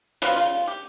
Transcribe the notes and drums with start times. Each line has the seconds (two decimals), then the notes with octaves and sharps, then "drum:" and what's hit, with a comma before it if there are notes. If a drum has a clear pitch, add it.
0.22 F#3 B3 C4 F4, drum: hi-hat
0.36 C#3 F4
0.68 G4